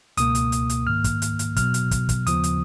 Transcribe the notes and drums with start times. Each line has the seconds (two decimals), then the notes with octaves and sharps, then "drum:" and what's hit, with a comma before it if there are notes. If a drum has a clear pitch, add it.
0.17 C#2 B2 A#3 D#6, drum: hi-hat
0.35 drum: hi-hat
0.52 drum: hi-hat
0.70 drum: hi-hat
0.87 G#2 D#3 A#3 F6
1.04 drum: kick, hi-hat
1.22 drum: hi-hat
1.39 drum: hi-hat
1.56 B2 F#3 B3 F6, drum: kick, hi-hat
1.74 drum: hi-hat
1.91 drum: kick, hi-hat
2.09 drum: kick, hi-hat
2.27 D#2 C#3 F3 B3 D#6, drum: hi-hat
2.44 drum: hi-hat